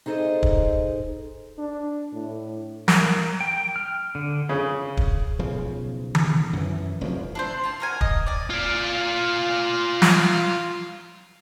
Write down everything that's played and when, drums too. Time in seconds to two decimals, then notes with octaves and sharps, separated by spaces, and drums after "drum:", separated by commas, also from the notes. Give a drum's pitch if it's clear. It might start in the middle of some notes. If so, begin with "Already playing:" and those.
0.06 D#4 G#4 A4 B4 C5 D#5
0.43 drum: kick
1.58 D4
2.13 A2
2.88 A#4, drum: snare
3.40 G5
3.76 F6
4.15 D3
4.49 C#3
4.97 drum: kick
5.39 B1 C#3 F3
6.15 drum: tom D#3
6.53 F#2 E3
7.01 F1 F#2 F3
7.35 D4 E4 C5
7.64 F4 A5
7.80 F#4 A#4 G#5
8.01 D#5, drum: kick
8.26 D5 G#5
8.50 F4 D5
10.02 drum: snare